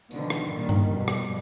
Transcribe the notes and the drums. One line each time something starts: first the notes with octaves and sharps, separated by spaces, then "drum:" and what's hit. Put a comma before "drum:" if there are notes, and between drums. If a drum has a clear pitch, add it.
B2 D3 D#3 F3, drum: tambourine
drum: rim click
A#2 D#3 G3
drum: tom G2
F2 B2 G3
drum: rim click